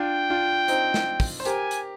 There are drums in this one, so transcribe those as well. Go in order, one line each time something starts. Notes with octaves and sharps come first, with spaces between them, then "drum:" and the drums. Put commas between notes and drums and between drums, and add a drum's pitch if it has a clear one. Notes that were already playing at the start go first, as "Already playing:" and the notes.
Already playing: D4 F4 G5
D4 F4
C4 D#4, drum: hi-hat
drum: snare
drum: kick, open hi-hat
C5
G4 A#4 G#5, drum: hi-hat
drum: hi-hat